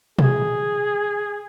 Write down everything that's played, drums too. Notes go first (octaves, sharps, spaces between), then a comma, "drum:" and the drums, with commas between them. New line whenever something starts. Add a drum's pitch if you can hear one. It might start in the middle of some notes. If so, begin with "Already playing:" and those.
G#4, drum: tom